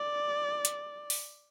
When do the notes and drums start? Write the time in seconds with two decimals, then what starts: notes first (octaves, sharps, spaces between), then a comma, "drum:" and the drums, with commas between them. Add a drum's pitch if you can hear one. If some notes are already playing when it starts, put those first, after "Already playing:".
Already playing: D5
0.65 drum: hi-hat
1.10 drum: open hi-hat